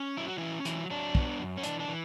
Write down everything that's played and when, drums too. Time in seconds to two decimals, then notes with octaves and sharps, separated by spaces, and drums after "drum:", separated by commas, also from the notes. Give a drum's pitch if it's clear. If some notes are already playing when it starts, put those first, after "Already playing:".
Already playing: C#4
0.17 F#3 E4
0.28 F#4
0.38 E3 C#4 E4
0.65 E3 F#3 E4, drum: hi-hat
0.91 F#3 D4
1.15 B3, drum: kick
1.39 F#2
1.57 C#4
1.63 E3 D4, drum: hi-hat
1.80 D4
1.88 E3